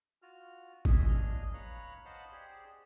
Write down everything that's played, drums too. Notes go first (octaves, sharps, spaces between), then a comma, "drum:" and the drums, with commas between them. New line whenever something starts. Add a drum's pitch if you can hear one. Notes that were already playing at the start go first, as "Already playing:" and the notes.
F4 F#4 F6
C#4 G#4 D#5 E5 C6 D#6, drum: kick G#1
C#3 E3 D4 G#4 D#5 F6
B4 C#5 F5 A#5 B5
C5 D#5 F5 F#5 A5 B5
G4 G#4 C5 D5